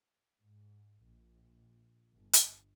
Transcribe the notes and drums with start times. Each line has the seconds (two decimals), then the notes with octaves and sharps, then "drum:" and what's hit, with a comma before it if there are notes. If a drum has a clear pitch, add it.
0.40 G#2
1.03 A#1
2.14 G1
2.33 drum: hi-hat